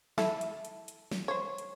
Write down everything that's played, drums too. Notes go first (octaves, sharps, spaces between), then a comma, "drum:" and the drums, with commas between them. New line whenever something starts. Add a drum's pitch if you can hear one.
E4 A4 E5, drum: snare
drum: hi-hat
drum: hi-hat
drum: hi-hat
drum: snare
C5 C#5
drum: hi-hat